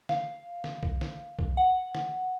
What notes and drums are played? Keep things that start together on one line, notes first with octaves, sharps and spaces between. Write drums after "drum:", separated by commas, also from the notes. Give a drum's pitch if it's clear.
F5, drum: snare
drum: snare
drum: kick B1
drum: snare
drum: kick B1
F#5
drum: snare